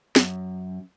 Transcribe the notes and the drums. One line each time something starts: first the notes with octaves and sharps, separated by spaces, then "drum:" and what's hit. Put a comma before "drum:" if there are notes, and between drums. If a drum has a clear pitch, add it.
F#2, drum: snare